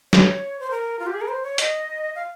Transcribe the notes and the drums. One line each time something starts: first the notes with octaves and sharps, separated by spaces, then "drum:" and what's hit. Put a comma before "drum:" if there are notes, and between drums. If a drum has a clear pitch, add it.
C#5, drum: snare
C5
A#4
F4
G4
G#4
A#4
C5
C#5
D#5, drum: hi-hat
F5